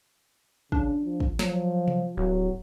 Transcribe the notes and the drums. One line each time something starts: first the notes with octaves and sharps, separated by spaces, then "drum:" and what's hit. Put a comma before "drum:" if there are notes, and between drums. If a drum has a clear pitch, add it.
C#3 D4, drum: kick
F3
drum: kick
F3 F#3, drum: snare
drum: tom C3
D1 F#3